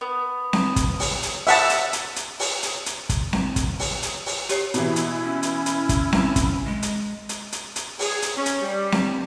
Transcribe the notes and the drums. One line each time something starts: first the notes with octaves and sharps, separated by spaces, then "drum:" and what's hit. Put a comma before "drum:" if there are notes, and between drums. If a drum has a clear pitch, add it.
B3
drum: snare C4
drum: kick, hi-hat
drum: open hi-hat
drum: hi-hat
E5 F#5 A5, drum: open hi-hat
drum: hi-hat
drum: hi-hat
drum: hi-hat
drum: open hi-hat
drum: hi-hat
drum: hi-hat
drum: kick, hi-hat
drum: snare C4
drum: kick, hi-hat
drum: open hi-hat
drum: hi-hat
drum: open hi-hat
G4 C#5 C7, drum: hi-hat
B2 E3 E4, drum: hi-hat
drum: hi-hat
C#4
drum: hi-hat
drum: hi-hat
drum: kick, hi-hat
drum: snare C4
drum: kick, hi-hat
G#3
drum: hi-hat
drum: hi-hat
drum: hi-hat
drum: hi-hat
G#4, drum: open hi-hat
drum: hi-hat
C#4
drum: hi-hat
G3
drum: snare C4